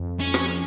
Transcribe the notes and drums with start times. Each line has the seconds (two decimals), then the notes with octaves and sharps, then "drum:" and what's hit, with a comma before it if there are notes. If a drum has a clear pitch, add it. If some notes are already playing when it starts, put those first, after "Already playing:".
Already playing: F2
0.20 C#4
0.34 drum: rim click